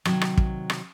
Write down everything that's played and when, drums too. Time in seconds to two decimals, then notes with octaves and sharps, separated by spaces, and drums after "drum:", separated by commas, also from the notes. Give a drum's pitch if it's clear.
0.05 C3 D#3 F#3, drum: rim click
0.21 drum: rim click
0.37 drum: kick
0.70 drum: rim click